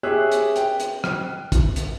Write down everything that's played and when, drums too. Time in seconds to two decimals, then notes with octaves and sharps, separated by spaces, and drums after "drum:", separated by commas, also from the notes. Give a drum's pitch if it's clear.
0.03 G4 G#4 C#5 E5 F#6
0.32 drum: hi-hat
0.56 G5, drum: hi-hat
0.80 drum: hi-hat
1.04 drum: rim click
1.52 drum: kick, hi-hat
1.76 drum: hi-hat